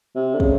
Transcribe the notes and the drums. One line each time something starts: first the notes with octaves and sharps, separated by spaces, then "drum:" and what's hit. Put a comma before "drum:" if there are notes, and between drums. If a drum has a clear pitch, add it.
C3
D3
C#3, drum: kick